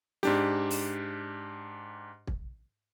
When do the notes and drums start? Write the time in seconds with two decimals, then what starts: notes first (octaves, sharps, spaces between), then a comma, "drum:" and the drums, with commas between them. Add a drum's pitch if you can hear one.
0.23 G#2 D4 G4, drum: snare
0.70 drum: open hi-hat
2.27 drum: kick